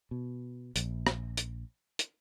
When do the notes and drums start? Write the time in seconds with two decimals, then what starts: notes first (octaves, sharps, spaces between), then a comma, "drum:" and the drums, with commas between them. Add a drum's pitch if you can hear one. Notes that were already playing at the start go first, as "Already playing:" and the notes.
0.11 B2
0.76 A#1, drum: hi-hat
1.07 drum: rim click
1.37 drum: hi-hat
1.99 drum: hi-hat